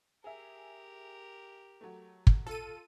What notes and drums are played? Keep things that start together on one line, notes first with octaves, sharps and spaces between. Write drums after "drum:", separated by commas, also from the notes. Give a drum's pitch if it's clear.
G4 G#4 A#4 E5
F#3 A3
drum: kick
F4 A4 D#7